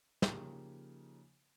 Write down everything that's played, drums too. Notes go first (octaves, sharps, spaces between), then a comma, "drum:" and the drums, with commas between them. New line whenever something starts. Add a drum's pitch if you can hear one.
C#3 F3 A#3 D#4 G4, drum: snare